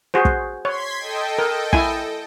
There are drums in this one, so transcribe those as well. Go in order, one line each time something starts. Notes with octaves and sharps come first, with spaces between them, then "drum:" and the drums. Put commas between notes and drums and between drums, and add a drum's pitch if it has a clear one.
F#4 G#4 C5
drum: kick
C#5 C6 G#6 B6
A4 D#5 G5
A#4
E4 G#5, drum: kick